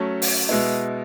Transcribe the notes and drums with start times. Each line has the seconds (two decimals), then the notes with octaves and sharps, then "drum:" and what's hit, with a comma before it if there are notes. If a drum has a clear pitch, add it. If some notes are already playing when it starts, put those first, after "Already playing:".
Already playing: F#3 A3 C#4
0.22 drum: open hi-hat
0.49 B2 G#3 B3 E4